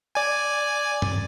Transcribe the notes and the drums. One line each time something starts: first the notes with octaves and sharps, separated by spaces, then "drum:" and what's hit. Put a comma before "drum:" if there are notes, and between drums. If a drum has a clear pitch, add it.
D5 G#5
drum: tom